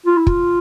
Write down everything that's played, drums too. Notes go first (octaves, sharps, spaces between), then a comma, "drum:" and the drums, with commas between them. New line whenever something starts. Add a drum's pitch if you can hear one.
F4
E4
F4, drum: kick